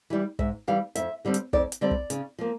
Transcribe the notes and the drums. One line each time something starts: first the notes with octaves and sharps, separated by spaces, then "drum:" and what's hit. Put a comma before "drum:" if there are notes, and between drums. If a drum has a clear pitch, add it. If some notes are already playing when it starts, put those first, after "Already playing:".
E3 G3
G#2 E5, drum: kick
E3 G3 F5
F2 E5, drum: hi-hat
D3 G3 C4
drum: hi-hat
F2 D5, drum: kick
drum: hi-hat
D3 G3 C4 D5
drum: kick
C#3, drum: hi-hat
F3 A#3